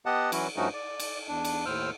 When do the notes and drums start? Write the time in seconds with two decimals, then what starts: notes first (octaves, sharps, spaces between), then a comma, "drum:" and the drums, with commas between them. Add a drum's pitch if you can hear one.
0.06 B3 G4 D#5 F#5 A5
0.32 E3 F#3 C#4 E4 F#4, drum: cymbal
0.57 G2 F3 A3 C#4 D#4 F#4
0.73 D5
1.00 drum: cymbal
1.28 E2 D4
1.45 drum: cymbal
1.66 D#2 A2 C5 E6 F6